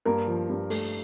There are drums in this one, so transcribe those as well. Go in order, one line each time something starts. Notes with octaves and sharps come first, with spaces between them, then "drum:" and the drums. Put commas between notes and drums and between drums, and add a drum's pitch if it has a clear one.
G2 A#3 A#4
F3
G2
A3, drum: open hi-hat